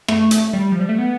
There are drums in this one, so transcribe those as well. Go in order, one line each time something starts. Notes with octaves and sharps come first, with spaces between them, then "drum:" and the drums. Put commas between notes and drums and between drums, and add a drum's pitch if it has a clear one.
A3, drum: rim click
drum: hi-hat
G3
F3
G3
A3
B3